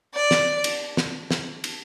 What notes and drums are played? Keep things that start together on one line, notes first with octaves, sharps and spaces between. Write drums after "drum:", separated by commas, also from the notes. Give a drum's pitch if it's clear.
D5
drum: snare
drum: cymbal
drum: snare
drum: snare
drum: cymbal